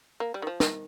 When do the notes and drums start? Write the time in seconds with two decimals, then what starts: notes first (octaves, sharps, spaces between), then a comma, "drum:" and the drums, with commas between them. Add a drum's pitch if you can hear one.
0.20 A#3
0.34 G3
0.42 D#3
0.47 F3
0.60 D#3, drum: snare